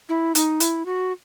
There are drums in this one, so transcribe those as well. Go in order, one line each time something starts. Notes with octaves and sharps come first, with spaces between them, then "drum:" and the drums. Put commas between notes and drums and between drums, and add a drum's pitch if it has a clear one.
E4
D#4, drum: hi-hat
E4, drum: hi-hat
F#4